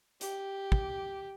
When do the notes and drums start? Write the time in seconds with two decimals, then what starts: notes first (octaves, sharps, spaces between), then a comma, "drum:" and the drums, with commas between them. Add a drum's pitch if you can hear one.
0.21 G4, drum: hi-hat
0.72 drum: kick